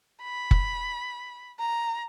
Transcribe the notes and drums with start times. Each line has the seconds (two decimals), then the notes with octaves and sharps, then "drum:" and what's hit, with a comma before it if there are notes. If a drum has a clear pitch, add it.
0.22 B5
0.51 drum: kick F#1
1.59 A#5